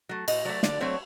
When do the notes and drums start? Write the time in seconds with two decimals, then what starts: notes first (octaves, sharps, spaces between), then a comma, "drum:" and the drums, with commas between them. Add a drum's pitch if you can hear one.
0.09 F#3 A3
0.28 A2 D#5, drum: cymbal
0.45 F#3 A3 D5
0.63 D3 D5, drum: snare
0.81 F#3 A3 C4 C#5